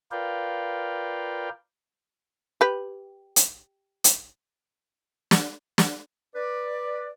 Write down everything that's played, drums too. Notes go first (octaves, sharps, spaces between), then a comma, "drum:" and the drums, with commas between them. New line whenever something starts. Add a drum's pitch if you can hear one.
F4 A#4 B4 D5 F5 G5
G4 B4
drum: hi-hat
drum: hi-hat
drum: snare
drum: snare
B4 D5